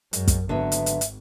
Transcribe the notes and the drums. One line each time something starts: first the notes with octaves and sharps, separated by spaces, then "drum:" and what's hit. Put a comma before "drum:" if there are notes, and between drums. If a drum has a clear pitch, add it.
F#2 G#3 A#4, drum: hi-hat
drum: kick, hi-hat
G#1 D3 F#3 B3 E5
drum: hi-hat
drum: hi-hat
drum: hi-hat